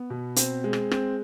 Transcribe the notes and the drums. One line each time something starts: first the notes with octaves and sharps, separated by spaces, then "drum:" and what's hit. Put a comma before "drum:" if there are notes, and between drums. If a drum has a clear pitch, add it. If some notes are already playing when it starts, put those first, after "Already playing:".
Already playing: B3
B2
C4, drum: hi-hat
G#3
drum: rim click
C4, drum: rim click